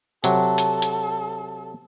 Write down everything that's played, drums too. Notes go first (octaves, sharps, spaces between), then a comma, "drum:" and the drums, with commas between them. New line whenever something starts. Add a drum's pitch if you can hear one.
C3 F#3 A4, drum: hi-hat
drum: hi-hat
drum: hi-hat